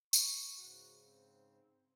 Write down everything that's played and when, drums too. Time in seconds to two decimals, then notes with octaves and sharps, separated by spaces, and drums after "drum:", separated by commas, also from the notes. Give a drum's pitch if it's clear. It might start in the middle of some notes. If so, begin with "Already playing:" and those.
0.13 C#6, drum: tambourine
0.57 G#2 C#3 F#4
1.05 C4